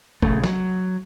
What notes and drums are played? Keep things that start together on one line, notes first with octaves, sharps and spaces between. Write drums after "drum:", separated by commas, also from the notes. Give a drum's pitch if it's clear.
A#1 C#3 A3, drum: kick
F#3, drum: snare